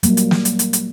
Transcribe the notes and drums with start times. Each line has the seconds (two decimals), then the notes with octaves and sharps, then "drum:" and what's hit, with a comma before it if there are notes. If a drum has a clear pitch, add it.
0.03 F#3 G3 A#3, drum: hi-hat
0.17 drum: hi-hat
0.31 drum: snare
0.45 drum: hi-hat
0.59 drum: hi-hat
0.73 drum: hi-hat